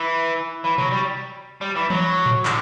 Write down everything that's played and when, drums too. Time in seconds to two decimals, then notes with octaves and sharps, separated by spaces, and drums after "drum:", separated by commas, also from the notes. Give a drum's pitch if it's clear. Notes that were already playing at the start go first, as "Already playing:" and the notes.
Already playing: E3
0.64 E3
0.78 F#3, drum: tom B2
0.91 G3
1.61 G3
1.76 E3
1.90 F#3, drum: tom
2.26 drum: tom A2
2.45 D3, drum: clap